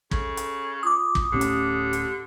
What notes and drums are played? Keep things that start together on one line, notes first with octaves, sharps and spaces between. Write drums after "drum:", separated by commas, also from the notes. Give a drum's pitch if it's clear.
C#3 A4, drum: kick
drum: hi-hat
F4 D6 D#6
drum: kick
D1 A2 D3 C#4 G4
drum: hi-hat
drum: hi-hat